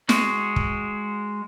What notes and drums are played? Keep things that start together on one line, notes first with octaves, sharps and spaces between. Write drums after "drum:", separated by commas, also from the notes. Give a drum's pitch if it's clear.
G#3 F#4, drum: snare
drum: kick